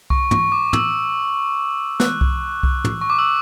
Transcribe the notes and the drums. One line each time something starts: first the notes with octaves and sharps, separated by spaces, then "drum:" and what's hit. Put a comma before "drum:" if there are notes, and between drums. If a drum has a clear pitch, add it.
C#6, drum: kick C2
C#6, drum: tom
D6
E6, drum: tom
F#6, drum: snare
drum: kick C2
drum: kick C2
drum: tom
C#6
D6
E6